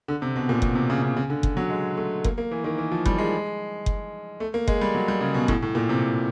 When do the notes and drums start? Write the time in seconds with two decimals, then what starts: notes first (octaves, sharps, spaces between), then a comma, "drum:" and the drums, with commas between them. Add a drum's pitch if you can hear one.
0.08 D3
0.22 C3
0.36 B2
0.49 A#2
0.62 B2, drum: kick F#1
0.75 C3
0.90 C#3
1.02 C#3
1.17 C#3
1.30 D3
1.43 drum: kick F#1
1.57 F#3
1.70 G#3
1.97 A3
2.24 A#3, drum: kick F#1
2.38 A#3
2.51 E3
2.64 D#3
2.78 E3
2.92 F3
3.06 G3, drum: kick F#1
3.18 G#3
3.86 drum: kick F#1
4.40 A3
4.54 A#3
4.68 G#3, drum: kick F#1
4.81 G3
4.95 F#3
5.08 G3
5.21 C#3
5.34 B2
5.48 A2, drum: kick F#1
5.62 A2
5.75 A#2
5.89 C3